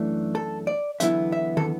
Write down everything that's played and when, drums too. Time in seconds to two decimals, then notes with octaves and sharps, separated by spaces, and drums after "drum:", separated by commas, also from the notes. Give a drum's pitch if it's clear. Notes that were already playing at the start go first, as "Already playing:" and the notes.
Already playing: F#2 E3 A3 D4
0.35 A4
0.67 D5
1.00 E2 D3 F#3 B3 E4 E5, drum: hi-hat
1.32 E5
1.57 A4, drum: tom